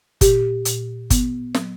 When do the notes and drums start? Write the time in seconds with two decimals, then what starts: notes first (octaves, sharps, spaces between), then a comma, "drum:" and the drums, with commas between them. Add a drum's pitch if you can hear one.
0.21 A#2 G4, drum: kick, hi-hat
0.65 A#2, drum: hi-hat
1.10 B3, drum: kick, hi-hat
1.54 F#3, drum: snare